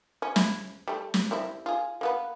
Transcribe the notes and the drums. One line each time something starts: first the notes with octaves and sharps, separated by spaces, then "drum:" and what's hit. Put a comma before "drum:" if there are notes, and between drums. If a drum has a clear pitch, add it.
C#4
E4, drum: snare
G3 A3
drum: snare
G3 C4 E4
F4 G#4
A#3 B3 B4